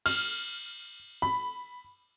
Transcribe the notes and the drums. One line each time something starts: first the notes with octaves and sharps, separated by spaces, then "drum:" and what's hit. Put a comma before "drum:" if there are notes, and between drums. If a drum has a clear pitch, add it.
F6, drum: cymbal
B5